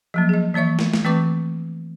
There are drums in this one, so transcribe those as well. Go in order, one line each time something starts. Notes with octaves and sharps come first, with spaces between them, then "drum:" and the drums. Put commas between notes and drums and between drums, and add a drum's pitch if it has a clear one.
F3 F#3 A#3
G#4 D#5
E3 A#3 C#5 E5 C#6
drum: snare
drum: snare
E3 A3 C4 B4 C#6 D6